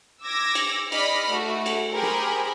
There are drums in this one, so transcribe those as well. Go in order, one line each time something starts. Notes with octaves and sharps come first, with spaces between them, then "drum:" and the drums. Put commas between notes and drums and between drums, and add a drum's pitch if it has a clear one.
D6 E6 G#6 A#6
drum: cymbal
D5 D#5 B5 F6 A#6, drum: cymbal
A3 F#4
drum: cymbal
G4 G#4 A#4 C5 B5
drum: snare